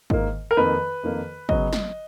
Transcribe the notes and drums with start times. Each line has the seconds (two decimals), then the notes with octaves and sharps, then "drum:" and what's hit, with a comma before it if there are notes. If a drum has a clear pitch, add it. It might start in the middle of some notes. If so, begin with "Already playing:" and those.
0.10 G#2 D#3 A#3, drum: kick
0.51 A#4
0.57 F2 D#3 A#3 B4
1.03 F2 D#3 A#3
1.49 C#3 F#3 B3 D#5, drum: kick
1.73 drum: snare